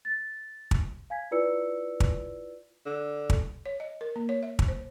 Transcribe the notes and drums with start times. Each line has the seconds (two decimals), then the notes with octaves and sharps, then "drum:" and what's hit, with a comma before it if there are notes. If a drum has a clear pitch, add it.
0.05 A6
0.71 drum: kick
1.10 F5 G#5 G#6 B6
1.31 E4 F4 B4 D5 E6 C#7
2.00 drum: kick
2.86 D3
3.30 drum: kick
3.66 C#5
3.80 D#5
4.01 A#4
4.16 A#3
4.29 C#5
4.43 E5
4.59 drum: kick
4.68 C5